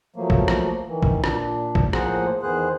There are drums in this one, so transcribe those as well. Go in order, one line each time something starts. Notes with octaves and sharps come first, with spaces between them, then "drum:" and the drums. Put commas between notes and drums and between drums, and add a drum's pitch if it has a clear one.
F3 F#3 A3 A#3
drum: kick
drum: rim click
D#3 E3
drum: kick
A#2 D4, drum: rim click
drum: kick
A2 F3 A#3 G#4 C5 F#5, drum: rim click
E2 D#3 B3 G#4 C5 F#6